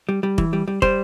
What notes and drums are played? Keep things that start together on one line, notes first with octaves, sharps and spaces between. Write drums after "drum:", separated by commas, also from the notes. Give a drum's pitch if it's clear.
G3
G3
E3, drum: kick
G3
G3
G3 C5, drum: kick